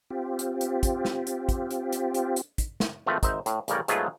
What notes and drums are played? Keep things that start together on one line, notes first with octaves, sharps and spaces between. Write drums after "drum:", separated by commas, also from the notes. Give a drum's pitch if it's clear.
C4 F4 G4
drum: hi-hat
drum: hi-hat
drum: kick, hi-hat
drum: snare
drum: hi-hat
drum: kick, hi-hat
drum: hi-hat
drum: hi-hat
drum: hi-hat
drum: hi-hat
drum: kick, hi-hat
drum: snare
G#1 F3 A3 C4 B4
G#1 D#4 C5 E5, drum: kick, hi-hat
A2, drum: hi-hat
A1 C#3 G3 A#4 C#5 D5, drum: hi-hat
G#2 F#3 A3 B3 F4 G#4, drum: hi-hat